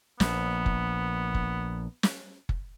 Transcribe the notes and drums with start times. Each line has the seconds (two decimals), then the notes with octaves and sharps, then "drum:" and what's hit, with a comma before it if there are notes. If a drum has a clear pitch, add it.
0.20 A#1 B3, drum: snare
0.66 drum: kick F#1
1.34 drum: kick F#1
2.03 drum: snare
2.49 drum: kick F#1